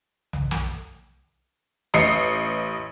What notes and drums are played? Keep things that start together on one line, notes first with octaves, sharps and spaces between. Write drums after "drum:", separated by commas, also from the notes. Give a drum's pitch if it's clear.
drum: tom
drum: snare
A1 D#5 C7 C#7, drum: snare